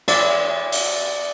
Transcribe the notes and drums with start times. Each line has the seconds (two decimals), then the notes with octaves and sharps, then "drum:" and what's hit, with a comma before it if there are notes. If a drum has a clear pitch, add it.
0.08 D5, drum: cymbal
0.72 drum: open hi-hat